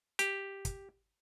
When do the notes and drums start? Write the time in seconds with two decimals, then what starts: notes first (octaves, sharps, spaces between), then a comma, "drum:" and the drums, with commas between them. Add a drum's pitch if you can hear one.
0.19 G4, drum: hi-hat
0.65 drum: kick, hi-hat